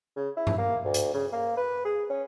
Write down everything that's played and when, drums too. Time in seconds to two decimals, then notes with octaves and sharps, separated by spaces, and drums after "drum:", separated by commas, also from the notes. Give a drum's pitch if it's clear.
0.16 C#3
0.37 E4
0.47 drum: tom G2
0.58 A#3
0.85 D2
0.94 drum: hi-hat
1.14 C#3
1.33 A#3
1.57 B4
1.85 G#4
2.10 C#4